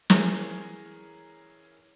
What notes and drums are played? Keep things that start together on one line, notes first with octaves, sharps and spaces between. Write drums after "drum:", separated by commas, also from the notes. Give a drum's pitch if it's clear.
E3 C#4 G#4 A#4, drum: snare